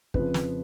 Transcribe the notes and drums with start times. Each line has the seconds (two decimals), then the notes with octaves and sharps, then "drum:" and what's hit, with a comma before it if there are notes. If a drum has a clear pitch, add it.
0.14 F2 C#3 F3 B4, drum: kick
0.34 drum: snare